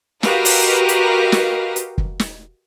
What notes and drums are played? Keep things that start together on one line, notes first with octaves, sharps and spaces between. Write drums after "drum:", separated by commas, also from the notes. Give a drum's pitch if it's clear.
F#4 G4 A#4 B4 D#5 F5, drum: snare
drum: open hi-hat
drum: hi-hat
drum: snare
drum: hi-hat
drum: kick
drum: snare